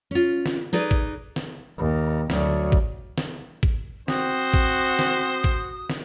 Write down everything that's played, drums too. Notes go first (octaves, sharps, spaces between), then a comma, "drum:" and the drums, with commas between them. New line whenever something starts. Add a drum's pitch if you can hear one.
C#4 F4
drum: snare
D#4 G#4 B4 D5
drum: kick G#1
drum: snare
D#2
D2 F#3, drum: snare
drum: kick G#1
drum: snare
drum: kick G#1
C4 F#4 C5 D#6, drum: snare
drum: kick G#1
drum: snare
drum: kick G#1
drum: snare